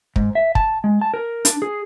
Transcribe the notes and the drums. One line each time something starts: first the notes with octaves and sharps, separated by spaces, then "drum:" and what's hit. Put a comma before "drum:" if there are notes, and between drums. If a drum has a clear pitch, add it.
G#2, drum: kick
E5
A5, drum: kick
G#3
A5
A#4
D4, drum: hi-hat
G#4